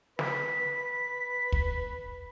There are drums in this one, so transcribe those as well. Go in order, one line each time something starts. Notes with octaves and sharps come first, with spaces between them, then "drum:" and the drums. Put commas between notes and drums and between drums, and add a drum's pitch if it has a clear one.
B4 B6, drum: snare
drum: kick